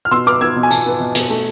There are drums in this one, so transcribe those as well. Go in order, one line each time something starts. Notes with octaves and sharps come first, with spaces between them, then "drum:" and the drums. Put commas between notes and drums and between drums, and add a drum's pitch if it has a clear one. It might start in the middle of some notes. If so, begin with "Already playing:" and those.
F6
B2 C6 E6
B3 D6 F6
B3 E6 G#6
B2
G#5
B2 A5, drum: tambourine
B3
B2
B2, drum: hi-hat
A3